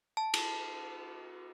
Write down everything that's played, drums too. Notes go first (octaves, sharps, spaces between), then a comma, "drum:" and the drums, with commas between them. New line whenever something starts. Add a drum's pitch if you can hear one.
A5
drum: cymbal